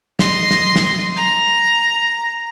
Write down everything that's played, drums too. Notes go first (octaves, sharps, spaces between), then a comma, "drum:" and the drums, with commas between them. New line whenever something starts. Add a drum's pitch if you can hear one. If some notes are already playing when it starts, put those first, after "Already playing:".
D#5 C6, drum: snare
drum: snare
drum: snare
A#5